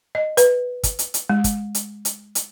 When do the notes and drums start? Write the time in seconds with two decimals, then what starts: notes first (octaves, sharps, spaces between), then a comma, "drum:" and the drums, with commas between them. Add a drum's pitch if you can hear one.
0.15 D#5
0.37 B4, drum: hi-hat
0.83 drum: kick, hi-hat
0.99 drum: hi-hat
1.14 drum: hi-hat
1.29 G#3
1.44 drum: kick, hi-hat
1.75 drum: hi-hat
2.05 drum: hi-hat
2.35 drum: hi-hat